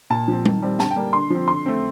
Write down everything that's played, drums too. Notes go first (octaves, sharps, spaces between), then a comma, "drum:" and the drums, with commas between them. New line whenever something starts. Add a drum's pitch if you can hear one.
A#2 A5
F3 C4
D#3, drum: tom G3
G3 C4
D3 A5, drum: snare
G5
G3 A#3
D3 C6
F3 C4
D3 C6
A3 C4